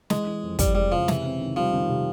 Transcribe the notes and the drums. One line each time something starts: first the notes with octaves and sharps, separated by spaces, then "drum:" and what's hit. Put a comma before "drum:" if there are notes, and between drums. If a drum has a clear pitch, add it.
E3 G#3, drum: snare
E3
F2
F2 G3, drum: kick, hi-hat
G3 G#3
C#3 F3
C3 E3, drum: snare
C4
D#3
F3 G3
D#3
C3